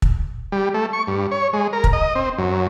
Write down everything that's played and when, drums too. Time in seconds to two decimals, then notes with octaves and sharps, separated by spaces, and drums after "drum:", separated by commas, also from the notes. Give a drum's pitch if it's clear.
0.02 drum: kick
0.52 G3
0.74 A3
0.93 C#6
1.08 G2
1.31 C#5
1.53 G#3
1.73 A#4
1.84 drum: kick
1.93 D#5
2.15 C4
2.38 F#2